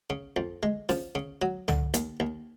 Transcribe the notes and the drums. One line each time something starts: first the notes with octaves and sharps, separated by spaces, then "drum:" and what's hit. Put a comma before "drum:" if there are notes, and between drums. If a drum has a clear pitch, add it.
C#3
F2
G#3
F3, drum: snare
C#3
F#3
D3, drum: tom
D#2, drum: hi-hat
D#2